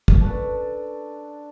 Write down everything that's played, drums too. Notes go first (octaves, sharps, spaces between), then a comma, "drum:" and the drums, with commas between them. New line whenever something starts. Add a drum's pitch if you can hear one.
drum: kick
D4 A4 B4 C#6